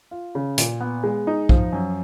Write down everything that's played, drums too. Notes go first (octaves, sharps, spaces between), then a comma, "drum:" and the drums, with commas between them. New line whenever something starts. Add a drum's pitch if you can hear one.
F4
C#3
A#2, drum: hi-hat
B3
G#3
D#4
F3, drum: kick
F#2